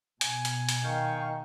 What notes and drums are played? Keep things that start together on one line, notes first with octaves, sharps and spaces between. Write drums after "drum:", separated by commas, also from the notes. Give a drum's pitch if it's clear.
B2 G#5, drum: hi-hat
drum: hi-hat
drum: hi-hat
D#3 F5 G5 C#6